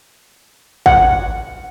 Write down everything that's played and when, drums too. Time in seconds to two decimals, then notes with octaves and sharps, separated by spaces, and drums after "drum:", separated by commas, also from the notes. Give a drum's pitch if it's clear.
0.86 F#5, drum: kick